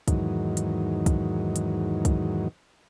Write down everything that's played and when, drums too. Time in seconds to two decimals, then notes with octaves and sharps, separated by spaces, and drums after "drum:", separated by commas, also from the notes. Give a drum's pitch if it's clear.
0.08 E2 G#2 D#3 F#3, drum: kick, hi-hat
0.57 drum: hi-hat
1.06 drum: kick, hi-hat
1.56 drum: hi-hat
2.05 drum: kick, hi-hat